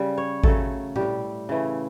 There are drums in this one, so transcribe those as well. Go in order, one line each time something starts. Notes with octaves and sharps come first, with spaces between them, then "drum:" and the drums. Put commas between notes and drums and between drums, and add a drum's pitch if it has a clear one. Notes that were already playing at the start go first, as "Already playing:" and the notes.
Already playing: C#3 G3
C#5
C#3 F#3 A3 A4, drum: kick G#1
A2 G3 G4, drum: tom A#2
C#3 E3 A3